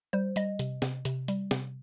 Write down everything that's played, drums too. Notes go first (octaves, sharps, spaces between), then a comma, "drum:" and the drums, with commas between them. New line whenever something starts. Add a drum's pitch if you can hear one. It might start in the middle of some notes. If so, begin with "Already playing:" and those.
G3 C5
G3 D#5, drum: hi-hat
C3, drum: hi-hat
C3, drum: snare
C3, drum: hi-hat
G3, drum: hi-hat
C3, drum: snare